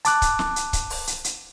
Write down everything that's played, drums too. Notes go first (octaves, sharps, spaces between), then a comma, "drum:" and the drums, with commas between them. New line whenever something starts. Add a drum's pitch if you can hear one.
A5 D6 F#6, drum: hi-hat
drum: kick C#1, hi-hat
drum: snare
drum: hi-hat
drum: kick C#1, hi-hat
drum: open hi-hat
drum: hi-hat
drum: hi-hat